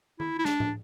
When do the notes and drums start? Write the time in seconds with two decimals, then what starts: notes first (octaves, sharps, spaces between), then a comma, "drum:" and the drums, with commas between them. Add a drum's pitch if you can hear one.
0.20 E4, drum: tom D#3
0.39 E4
0.45 D4, drum: snare
0.60 drum: tom A2